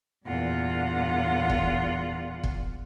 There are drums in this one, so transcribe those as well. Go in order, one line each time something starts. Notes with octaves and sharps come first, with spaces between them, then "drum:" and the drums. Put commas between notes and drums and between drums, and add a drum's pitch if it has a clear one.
E2 G2 A#2 F4 F#5
drum: kick
drum: kick